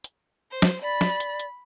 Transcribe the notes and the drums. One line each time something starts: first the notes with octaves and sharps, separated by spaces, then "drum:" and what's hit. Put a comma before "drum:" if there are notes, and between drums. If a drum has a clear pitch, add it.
drum: hi-hat
C5
drum: snare
D5 B5
drum: snare
drum: hi-hat
drum: hi-hat